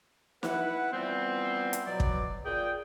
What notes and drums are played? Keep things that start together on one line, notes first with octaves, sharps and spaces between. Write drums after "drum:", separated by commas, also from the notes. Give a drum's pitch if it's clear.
E4 B4 F#5, drum: snare
E3 F3 G3 B3 C4
drum: hi-hat
B2 F#3 D5
drum: kick
A#2 G#4 G5